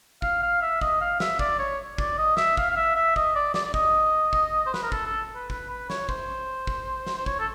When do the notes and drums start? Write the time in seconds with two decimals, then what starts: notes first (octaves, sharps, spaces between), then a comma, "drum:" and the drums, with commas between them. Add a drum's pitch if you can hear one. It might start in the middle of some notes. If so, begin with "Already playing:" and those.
0.22 F5, drum: kick
0.42 F5
0.61 E5
0.81 D#5, drum: kick
1.01 F5
1.20 E5, drum: snare
1.39 D5, drum: kick
1.59 C#5
1.98 D5, drum: kick
2.18 D#5
2.37 E5, drum: snare
2.57 F5, drum: kick
2.71 F5
2.76 E5
2.96 E5
3.16 D#5, drum: kick
3.35 D5
3.54 D5, drum: snare
3.65 D5
3.74 D#5, drum: kick
4.33 drum: kick
4.66 C5
4.74 B4, drum: snare
4.83 A#4
4.92 A4, drum: kick
5.06 A4
5.35 B4
5.50 B4, drum: kick
5.69 B4
5.90 C#5, drum: snare
6.09 C5, drum: kick
6.67 drum: kick
7.06 drum: snare
7.17 C5
7.26 C#5, drum: kick
7.39 A4